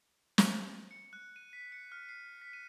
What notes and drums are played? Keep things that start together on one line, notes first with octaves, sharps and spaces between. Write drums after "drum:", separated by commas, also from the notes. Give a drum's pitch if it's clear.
drum: snare
C#7
F#6
D#7
B6
C#7
F6
C7
B6
D#7